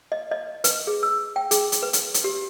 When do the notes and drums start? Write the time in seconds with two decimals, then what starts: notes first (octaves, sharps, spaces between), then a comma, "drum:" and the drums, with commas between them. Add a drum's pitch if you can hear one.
0.12 D#5
0.31 D#5
0.64 B4, drum: hi-hat
0.87 G#4
1.03 E6
1.36 G5
1.51 G#4, drum: hi-hat
1.72 drum: hi-hat
1.83 B4
1.93 drum: hi-hat
2.14 drum: hi-hat
2.24 G4